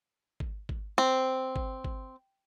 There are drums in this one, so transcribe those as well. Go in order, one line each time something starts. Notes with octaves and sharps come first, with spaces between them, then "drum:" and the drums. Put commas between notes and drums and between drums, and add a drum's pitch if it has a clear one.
drum: kick G#1
drum: kick G#1
C4
drum: kick G#1
drum: kick G#1